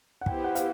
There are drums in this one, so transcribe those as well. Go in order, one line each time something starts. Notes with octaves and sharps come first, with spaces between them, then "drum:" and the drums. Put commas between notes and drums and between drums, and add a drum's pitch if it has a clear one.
F#5
B3 E4 G4 C5 G5, drum: kick
F#5
F5, drum: hi-hat